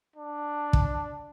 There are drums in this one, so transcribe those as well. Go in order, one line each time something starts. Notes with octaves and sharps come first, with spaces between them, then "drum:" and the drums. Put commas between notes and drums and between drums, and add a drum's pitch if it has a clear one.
D4
drum: kick